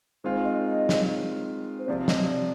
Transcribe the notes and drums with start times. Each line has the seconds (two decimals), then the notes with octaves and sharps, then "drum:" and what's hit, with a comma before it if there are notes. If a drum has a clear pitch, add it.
0.24 D#3 G#3 C4 F4 C5
0.44 D#5
0.65 D#5
0.89 drum: snare
1.79 C5
1.88 C3 F3 C4 D5
2.08 D#5, drum: snare
2.24 D#5
2.28 D5